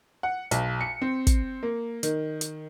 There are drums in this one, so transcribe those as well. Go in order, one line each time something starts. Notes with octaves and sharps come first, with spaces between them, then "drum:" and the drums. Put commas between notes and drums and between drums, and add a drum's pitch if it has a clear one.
F#5
B1, drum: hi-hat
C#7
C4
drum: kick, hi-hat
A#3
D#3, drum: hi-hat
drum: hi-hat